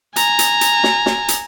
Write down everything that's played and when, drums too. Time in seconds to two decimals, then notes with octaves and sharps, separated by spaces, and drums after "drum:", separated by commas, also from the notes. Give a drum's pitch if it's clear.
0.16 G#5 A#5, drum: hi-hat
0.39 drum: hi-hat
0.61 drum: hi-hat
0.84 drum: snare
1.06 drum: snare
1.28 drum: hi-hat